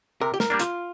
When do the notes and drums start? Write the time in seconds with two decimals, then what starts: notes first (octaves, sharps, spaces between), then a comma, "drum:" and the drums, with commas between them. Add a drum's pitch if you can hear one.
0.21 C3 A#4
0.34 G4
0.40 A#4, drum: snare
0.50 G3 A#3 D4
0.59 F4, drum: hi-hat